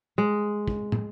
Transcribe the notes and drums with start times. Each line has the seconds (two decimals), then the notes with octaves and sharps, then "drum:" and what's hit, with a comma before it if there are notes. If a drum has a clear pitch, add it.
0.18 G#3
0.68 drum: kick
0.92 drum: tom